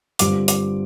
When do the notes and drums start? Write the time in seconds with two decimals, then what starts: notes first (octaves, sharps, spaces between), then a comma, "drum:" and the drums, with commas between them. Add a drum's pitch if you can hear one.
0.19 G2 D3 G3 C4 F4 D6, drum: hi-hat
0.48 D6, drum: hi-hat